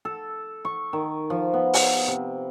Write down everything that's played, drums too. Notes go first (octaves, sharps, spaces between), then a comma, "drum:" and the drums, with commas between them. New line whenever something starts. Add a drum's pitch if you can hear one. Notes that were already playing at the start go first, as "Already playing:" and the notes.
A4
C#6
D#3
F3
B3
drum: open hi-hat
C3